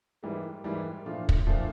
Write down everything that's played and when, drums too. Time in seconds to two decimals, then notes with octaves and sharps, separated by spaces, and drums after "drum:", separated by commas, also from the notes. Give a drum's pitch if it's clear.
0.23 G#2 E3 G3 A#3
0.64 G#2 E3 G3 A#3
1.05 A#2 F3 A3 D4 F4
1.29 drum: kick
1.46 A#2 F3 A3 D4 F4